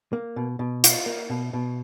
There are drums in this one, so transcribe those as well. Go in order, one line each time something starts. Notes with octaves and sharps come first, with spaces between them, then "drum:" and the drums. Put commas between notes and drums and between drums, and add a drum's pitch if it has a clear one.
A#3
B2
B2
F4, drum: hi-hat
A#3
B2
B2